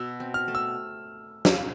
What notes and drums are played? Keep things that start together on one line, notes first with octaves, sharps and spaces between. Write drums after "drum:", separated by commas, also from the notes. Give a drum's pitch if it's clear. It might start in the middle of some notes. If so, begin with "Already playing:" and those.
Already playing: B2 E6
C4
F6
A3
E6
drum: snare